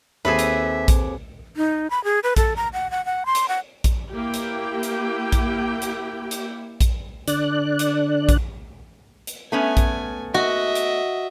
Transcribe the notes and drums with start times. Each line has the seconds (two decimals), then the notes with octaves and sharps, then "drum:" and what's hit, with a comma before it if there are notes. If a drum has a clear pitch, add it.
0.25 D#2 C4 G#4 A4 B4 C5 E5 D6
0.39 drum: hi-hat
0.88 drum: kick A#1, hi-hat
1.57 D#4
1.90 B5
2.04 G#4
2.23 B4
2.36 A4, drum: kick A#1, hi-hat
2.56 A#5
2.73 F#5
2.91 F#5
3.06 F#5
3.26 C6
3.35 drum: hi-hat
3.48 F#5
3.84 drum: kick A#1, hi-hat
4.13 A#3 E4 G4 G5
4.34 drum: hi-hat
4.83 drum: hi-hat
5.32 drum: kick A#1, hi-hat
5.82 drum: hi-hat
6.31 drum: hi-hat
6.81 drum: kick A#1, hi-hat
7.28 D3 D4 D5 F#6, drum: hi-hat
7.79 drum: hi-hat
8.29 drum: kick A#1, hi-hat
9.27 drum: hi-hat
9.52 A3 B3 C#4 G#5
9.77 drum: kick A#1, hi-hat
10.34 F#4 D#5 E5
10.75 drum: hi-hat